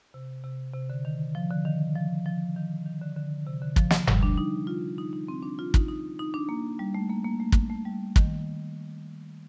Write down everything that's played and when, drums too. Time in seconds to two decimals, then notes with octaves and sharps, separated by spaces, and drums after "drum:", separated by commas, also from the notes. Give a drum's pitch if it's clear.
0.14 C3
0.44 C3
0.74 C3
0.90 D3
1.05 D#3
1.35 F3
1.50 D3
1.65 D#3
1.95 F3
2.26 F3
2.56 D#3
2.86 D#3
3.02 D3
3.16 D3
3.47 C3
3.62 D3
3.76 F3, drum: kick
3.91 drum: snare
4.07 G3, drum: tom F#1
4.23 D4
4.38 D#4
4.67 F4
4.98 D#4
5.13 D#4
5.28 C4
5.43 D4
5.59 F4
5.74 D#4, drum: kick
5.88 D#4
6.19 D#4
6.34 D4
6.49 A#3
6.79 G3
6.95 A3
7.10 A#3
7.25 A#3
7.40 A3
7.52 drum: kick
7.70 A3
7.85 G3
8.16 D#3, drum: kick